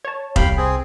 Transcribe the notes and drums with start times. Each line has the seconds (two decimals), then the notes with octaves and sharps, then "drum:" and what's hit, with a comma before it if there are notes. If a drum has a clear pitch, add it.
0.05 C#5 A5
0.36 C2 F5 G5 B5, drum: kick F1
0.57 C4 G#4